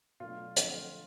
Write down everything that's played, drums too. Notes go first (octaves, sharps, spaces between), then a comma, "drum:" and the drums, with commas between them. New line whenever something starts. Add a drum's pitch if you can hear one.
B2 F#3 A3 D4 F4
D3 F3 A3 C4, drum: hi-hat